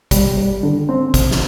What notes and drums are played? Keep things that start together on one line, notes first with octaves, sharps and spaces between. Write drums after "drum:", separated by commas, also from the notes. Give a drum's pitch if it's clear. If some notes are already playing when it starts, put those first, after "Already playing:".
G3, drum: kick, hi-hat
G3
D3
C4
C4, drum: kick, hi-hat
drum: snare